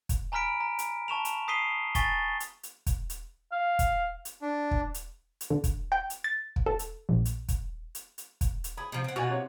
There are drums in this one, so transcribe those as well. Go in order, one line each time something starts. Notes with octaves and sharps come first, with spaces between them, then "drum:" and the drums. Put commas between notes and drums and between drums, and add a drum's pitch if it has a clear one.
drum: kick, hi-hat
G#5 A#5 B5 F6 B6 D7
A#5
drum: hi-hat
A5 C#6 E7 F7
drum: hi-hat
D#6 B6 C7 D#7 G7
G#5 C#6 A6 B6 G7, drum: kick, hi-hat
drum: hi-hat
drum: hi-hat
drum: kick, hi-hat
drum: hi-hat
F5
drum: kick, hi-hat
drum: hi-hat
D4
drum: kick
drum: hi-hat
drum: hi-hat
D3
drum: kick, hi-hat
G5
drum: hi-hat
A6
drum: kick
A4
drum: hi-hat
A#1
drum: hi-hat
drum: kick, hi-hat
drum: hi-hat
drum: hi-hat
drum: kick, hi-hat
drum: hi-hat
G#4 B5
C3 F3
C4 F#5
B2 F4 F#4 F#5 G#5
C3 C#5